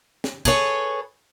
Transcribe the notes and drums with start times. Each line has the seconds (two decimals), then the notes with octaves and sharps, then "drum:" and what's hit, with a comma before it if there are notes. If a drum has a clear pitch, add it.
0.24 drum: snare
0.45 G#4 A4 B4 C#5, drum: kick